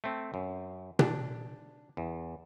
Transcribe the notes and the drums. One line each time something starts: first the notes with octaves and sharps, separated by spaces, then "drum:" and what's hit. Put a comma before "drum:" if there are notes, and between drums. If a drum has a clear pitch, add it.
A3 C4
F#2
D4, drum: tom B2
E2